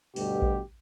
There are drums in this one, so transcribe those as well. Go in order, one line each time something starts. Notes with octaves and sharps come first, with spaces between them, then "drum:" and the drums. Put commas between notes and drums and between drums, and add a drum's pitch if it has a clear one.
D2 G2 B2 G4, drum: open hi-hat
drum: kick A1